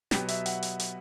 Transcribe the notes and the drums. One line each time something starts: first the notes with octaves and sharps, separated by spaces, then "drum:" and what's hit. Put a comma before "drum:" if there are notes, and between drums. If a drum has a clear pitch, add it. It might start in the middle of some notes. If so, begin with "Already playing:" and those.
B2 F#3 B3 G4, drum: snare
E5, drum: hi-hat
F#5, drum: hi-hat
drum: hi-hat
drum: hi-hat